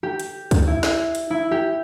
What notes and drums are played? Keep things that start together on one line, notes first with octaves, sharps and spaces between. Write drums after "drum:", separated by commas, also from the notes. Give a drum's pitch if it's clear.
G4
drum: hi-hat
drum: kick, hi-hat
E4
drum: snare
drum: hi-hat
E4
G4